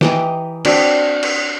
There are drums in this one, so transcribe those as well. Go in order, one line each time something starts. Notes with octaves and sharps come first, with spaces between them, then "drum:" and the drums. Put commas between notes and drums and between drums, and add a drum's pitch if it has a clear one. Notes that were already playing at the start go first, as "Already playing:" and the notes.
E3 G4 D#5 A#5, drum: snare
C4 D4 F#4 D5, drum: cymbal
drum: cymbal